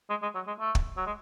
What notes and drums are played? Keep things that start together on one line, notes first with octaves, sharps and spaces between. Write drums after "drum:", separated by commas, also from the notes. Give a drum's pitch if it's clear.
G#3
G#3
F#3
G#3
A3
drum: kick
F#3
G#3